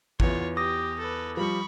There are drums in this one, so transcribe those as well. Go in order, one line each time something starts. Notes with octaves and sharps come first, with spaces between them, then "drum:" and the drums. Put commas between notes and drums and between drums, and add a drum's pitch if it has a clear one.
E2 B3 F4 C#5, drum: kick
G4 D6 D#6 A#6
A4 B4
F3 G3 B5 C#6